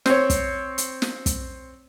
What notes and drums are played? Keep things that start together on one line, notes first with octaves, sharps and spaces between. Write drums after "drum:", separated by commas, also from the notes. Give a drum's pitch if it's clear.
C4 C#5, drum: snare
drum: kick, hi-hat
drum: hi-hat
drum: snare
drum: kick, hi-hat